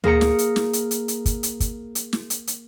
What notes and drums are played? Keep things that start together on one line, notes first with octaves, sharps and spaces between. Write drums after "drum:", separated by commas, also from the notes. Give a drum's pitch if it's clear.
A#3 G#4 A#5 C#7, drum: tom D2
drum: snare
drum: hi-hat
drum: snare
drum: hi-hat
drum: hi-hat
drum: hi-hat
drum: kick, hi-hat
drum: hi-hat
drum: kick, hi-hat
drum: hi-hat
drum: snare
drum: hi-hat
drum: hi-hat